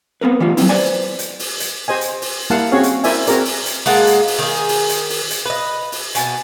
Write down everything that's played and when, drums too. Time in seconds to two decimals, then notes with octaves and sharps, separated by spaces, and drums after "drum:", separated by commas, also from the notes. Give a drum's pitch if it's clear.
0.21 B3 C4 A#4 B4
0.40 E3 G3 A3 B3 F4
0.57 F#3 G#3 B3 C4 E4, drum: open hi-hat
0.69 B4 C5 D5 G#5
1.19 drum: hi-hat
1.39 drum: open hi-hat
1.60 drum: hi-hat
1.88 G4 C5 D#5 G#5
2.01 drum: hi-hat
2.22 drum: open hi-hat
2.50 G3 A#3 E4 F5 F#5 A5
2.72 C4 C#4 F#4 G#4 C#5 F5
2.83 drum: hi-hat
3.04 E4 A#4 C5 D5 E5 G#5, drum: open hi-hat
3.27 C4 F#4 G#4 A#4 D5, drum: hi-hat
3.45 drum: open hi-hat
3.66 drum: hi-hat
3.86 G#3 A#3 F#5 A5, drum: open hi-hat
4.07 drum: hi-hat
4.27 drum: open hi-hat
4.39 D#3 G#4
4.69 drum: open hi-hat
4.89 drum: hi-hat
5.10 drum: open hi-hat
5.30 drum: hi-hat
5.45 B4 D#5
5.92 drum: open hi-hat
6.15 B2 G#5 A5, drum: hi-hat